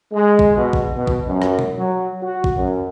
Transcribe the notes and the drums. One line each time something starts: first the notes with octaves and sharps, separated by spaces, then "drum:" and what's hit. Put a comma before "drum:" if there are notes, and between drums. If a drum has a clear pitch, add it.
G#3
drum: kick
B2
drum: kick
B2
drum: kick
F#2
drum: rim click
drum: tom B2
F#3
F#4
drum: kick
F#2